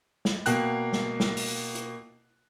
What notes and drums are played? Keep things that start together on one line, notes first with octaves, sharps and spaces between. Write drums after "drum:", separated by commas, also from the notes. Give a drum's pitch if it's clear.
drum: snare
B2 A#3 G5 F#6, drum: hi-hat
drum: snare
drum: snare
drum: open hi-hat
drum: hi-hat